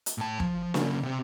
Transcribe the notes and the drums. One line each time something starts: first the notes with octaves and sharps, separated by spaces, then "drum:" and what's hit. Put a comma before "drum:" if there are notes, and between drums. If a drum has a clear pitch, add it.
drum: hi-hat
A2 A5
F3, drum: kick
C#3 A#3, drum: snare
C3 C4